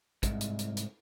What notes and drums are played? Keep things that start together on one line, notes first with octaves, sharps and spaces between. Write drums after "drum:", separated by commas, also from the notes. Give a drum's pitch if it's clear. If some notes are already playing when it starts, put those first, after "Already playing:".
C2 G#2, drum: kick, hi-hat
drum: hi-hat
drum: hi-hat
drum: hi-hat